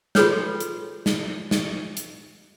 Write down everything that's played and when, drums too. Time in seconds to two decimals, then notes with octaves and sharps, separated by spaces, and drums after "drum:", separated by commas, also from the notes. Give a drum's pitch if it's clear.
0.15 F4 F#4 G#4 A4 B4 C#5, drum: snare
0.60 drum: hi-hat
1.06 drum: snare
1.51 drum: snare
1.97 drum: hi-hat